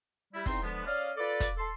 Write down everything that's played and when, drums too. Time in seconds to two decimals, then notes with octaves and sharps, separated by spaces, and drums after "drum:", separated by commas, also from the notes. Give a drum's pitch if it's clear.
0.34 G3 E4
0.46 E2 C4 D#4 C6, drum: kick, open hi-hat
0.63 D3 F3 G#3 B3
0.86 C#4 D5 D#5 F5
1.17 F4 A4 B4 D5
1.40 drum: kick, hi-hat
1.57 A4 C6